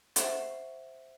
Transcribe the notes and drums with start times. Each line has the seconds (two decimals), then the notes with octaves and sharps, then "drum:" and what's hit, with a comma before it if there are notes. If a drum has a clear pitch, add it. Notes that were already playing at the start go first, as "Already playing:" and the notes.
0.16 C5 E5 F#5 C#6, drum: hi-hat